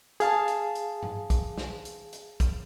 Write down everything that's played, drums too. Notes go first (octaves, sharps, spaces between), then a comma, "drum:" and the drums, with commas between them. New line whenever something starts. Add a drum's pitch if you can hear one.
G#4 F5 A5, drum: hi-hat
drum: hi-hat
drum: hi-hat
drum: tom G#2
drum: kick, hi-hat
drum: snare
drum: hi-hat
drum: hi-hat
drum: kick, hi-hat